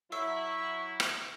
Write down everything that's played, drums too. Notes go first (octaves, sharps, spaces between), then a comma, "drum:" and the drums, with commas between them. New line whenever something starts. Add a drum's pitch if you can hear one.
F#3 E4 E5 C#6
drum: rim click